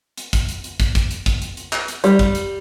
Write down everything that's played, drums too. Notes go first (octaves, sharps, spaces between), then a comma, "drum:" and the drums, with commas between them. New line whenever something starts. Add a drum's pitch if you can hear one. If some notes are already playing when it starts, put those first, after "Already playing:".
drum: hi-hat
drum: kick, hi-hat
drum: hi-hat
drum: hi-hat
drum: kick, hi-hat
drum: kick, hi-hat
drum: hi-hat
drum: kick, hi-hat
drum: hi-hat
drum: hi-hat
drum: clap
drum: hi-hat
G3, drum: hi-hat
drum: kick, hi-hat
drum: hi-hat